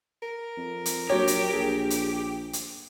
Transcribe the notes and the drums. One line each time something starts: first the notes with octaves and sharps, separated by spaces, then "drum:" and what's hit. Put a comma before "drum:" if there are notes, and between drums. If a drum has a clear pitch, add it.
A#4
F2
drum: hi-hat
A#1 F#3 G4 C#5
drum: hi-hat
A#1 G#4
drum: hi-hat
drum: hi-hat